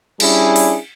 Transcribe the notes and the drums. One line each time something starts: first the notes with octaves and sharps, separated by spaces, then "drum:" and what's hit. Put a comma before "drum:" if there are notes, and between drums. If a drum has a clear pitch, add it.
G3 C#4 D4 E4 G#4, drum: cymbal
drum: open hi-hat